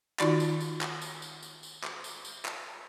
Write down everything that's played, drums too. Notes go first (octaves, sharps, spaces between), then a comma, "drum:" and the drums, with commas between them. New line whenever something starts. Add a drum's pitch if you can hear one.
D#3 D#4 F4 F#4 D5, drum: clap
drum: tambourine
drum: tambourine
drum: clap
drum: tambourine
drum: tambourine
drum: tambourine
drum: tambourine
drum: clap
drum: tambourine
drum: tambourine
drum: clap